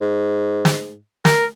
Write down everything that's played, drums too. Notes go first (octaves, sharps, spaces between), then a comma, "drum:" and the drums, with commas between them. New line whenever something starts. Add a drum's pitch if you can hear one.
G#2
drum: snare
A#4, drum: snare